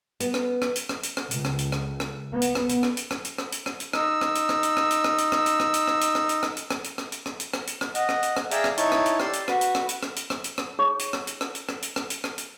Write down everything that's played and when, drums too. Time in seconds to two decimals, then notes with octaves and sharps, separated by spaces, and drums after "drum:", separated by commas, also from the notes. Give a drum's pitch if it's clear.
0.20 B3, drum: hi-hat
0.34 drum: rim click
0.62 drum: rim click
0.76 drum: hi-hat
0.89 drum: rim click
1.03 drum: hi-hat
1.17 drum: rim click
1.31 C#2, drum: hi-hat
1.45 drum: rim click
1.59 drum: hi-hat
1.72 drum: rim click
2.00 drum: rim click
2.32 B3
2.42 drum: hi-hat
2.55 drum: rim click
2.69 drum: hi-hat
2.83 drum: rim click
2.97 drum: hi-hat
3.11 drum: rim click
3.25 drum: hi-hat
3.38 drum: rim click
3.52 drum: hi-hat
3.66 drum: rim click
3.80 drum: hi-hat
3.93 D#4 E6, drum: rim click
4.21 drum: rim click
4.35 drum: hi-hat
4.49 drum: rim click
4.63 drum: hi-hat
4.77 drum: rim click
4.91 drum: hi-hat
5.04 drum: rim click
5.18 drum: hi-hat
5.32 drum: rim click
5.46 drum: hi-hat
5.60 drum: rim click
5.74 drum: hi-hat
5.87 drum: rim click
6.01 drum: hi-hat
6.15 drum: rim click
6.29 drum: hi-hat
6.43 drum: rim click
6.57 drum: hi-hat
6.70 drum: rim click
6.84 drum: hi-hat
6.98 drum: rim click
7.12 drum: hi-hat
7.26 drum: rim click
7.40 drum: hi-hat
7.53 drum: rim click
7.67 drum: hi-hat
7.81 drum: rim click
7.95 D#5 F#5, drum: hi-hat
8.09 drum: rim click
8.23 drum: hi-hat
8.37 drum: rim click
8.51 G#4 D5 E5 F5 G5 A#5, drum: hi-hat
8.64 drum: rim click
8.78 D#4 E4 C#5 A5 C#6, drum: hi-hat
8.92 drum: rim click
9.06 drum: hi-hat
9.20 G4 D5 C6 E6, drum: rim click
9.33 drum: hi-hat
9.48 F#4 B4, drum: rim click
9.61 drum: hi-hat
9.75 drum: rim click
9.89 drum: hi-hat
10.03 drum: rim click
10.16 drum: hi-hat
10.30 drum: rim click
10.44 drum: hi-hat
10.58 drum: rim click
10.79 D#4 G#4 C#5 C#6
10.99 drum: hi-hat
11.13 drum: rim click
11.27 drum: hi-hat
11.41 drum: rim click
11.55 drum: hi-hat
11.69 drum: rim click
11.82 drum: hi-hat
11.96 drum: rim click
12.10 drum: hi-hat
12.24 drum: rim click
12.38 drum: hi-hat